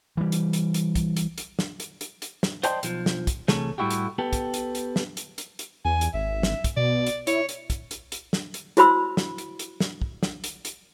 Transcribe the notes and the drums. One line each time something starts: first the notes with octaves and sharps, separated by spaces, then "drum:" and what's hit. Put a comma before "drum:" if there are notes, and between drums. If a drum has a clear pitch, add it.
E3 G3
drum: hi-hat
drum: hi-hat
drum: hi-hat
drum: kick, hi-hat
drum: hi-hat
drum: hi-hat
drum: snare
drum: hi-hat
drum: hi-hat
drum: hi-hat
drum: snare
C5 D5 D#5 G5 A5 C6, drum: hi-hat
B1 F3, drum: hi-hat
drum: snare
drum: kick, hi-hat
C3 E3 A3 G#4 A4 C#5, drum: snare
A2 G3 A3 E4 F#4 G4
drum: hi-hat
B3 G4 A4
drum: kick, hi-hat
drum: hi-hat
drum: hi-hat
drum: snare
drum: hi-hat
drum: hi-hat
drum: hi-hat
E2 G#5
drum: hi-hat
G#1 E5
drum: snare
drum: kick, hi-hat
B2 D5
drum: hi-hat
E4 C#5, drum: hi-hat
drum: hi-hat
drum: kick, hi-hat
drum: hi-hat
drum: hi-hat
drum: snare
drum: hi-hat
E4 F#4 C5 B5 C6 E6, drum: hi-hat
drum: snare
drum: hi-hat
drum: hi-hat
drum: snare
drum: kick
drum: snare
drum: hi-hat
drum: hi-hat